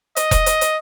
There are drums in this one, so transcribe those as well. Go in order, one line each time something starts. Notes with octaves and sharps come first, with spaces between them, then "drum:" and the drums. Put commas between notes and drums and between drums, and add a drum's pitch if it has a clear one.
D#5, drum: hi-hat
drum: kick E1, hi-hat
drum: hi-hat
drum: hi-hat